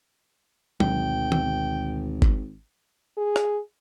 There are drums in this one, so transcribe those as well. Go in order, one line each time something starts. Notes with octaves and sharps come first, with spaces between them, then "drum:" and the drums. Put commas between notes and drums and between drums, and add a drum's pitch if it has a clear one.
G#1 D2 B2 D#3 G5, drum: tom F#3
drum: tom
drum: kick G1
G#4
drum: rim click